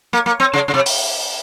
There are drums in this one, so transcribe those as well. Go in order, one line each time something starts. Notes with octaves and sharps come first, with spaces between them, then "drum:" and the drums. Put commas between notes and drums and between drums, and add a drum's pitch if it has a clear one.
A#3
A#3
C4
C#3
C#3
C3
drum: open hi-hat